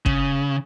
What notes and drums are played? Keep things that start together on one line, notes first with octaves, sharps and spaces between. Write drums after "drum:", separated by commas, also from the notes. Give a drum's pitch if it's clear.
C#3, drum: kick